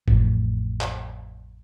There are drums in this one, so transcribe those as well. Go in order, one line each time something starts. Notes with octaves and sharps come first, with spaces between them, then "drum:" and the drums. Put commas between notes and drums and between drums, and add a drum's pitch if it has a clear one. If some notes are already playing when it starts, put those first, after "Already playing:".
A1 F2 A2, drum: kick
drum: clap